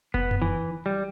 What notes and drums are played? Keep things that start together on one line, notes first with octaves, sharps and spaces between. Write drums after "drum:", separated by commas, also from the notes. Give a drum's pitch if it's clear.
B3, drum: kick F1
drum: tom F#2
E3
G3